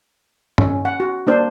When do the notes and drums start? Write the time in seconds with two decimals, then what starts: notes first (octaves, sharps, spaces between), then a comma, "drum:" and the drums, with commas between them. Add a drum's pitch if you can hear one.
0.58 C#4, drum: tom G2
0.85 F#5
1.00 F#4
1.27 A#3 D4 C5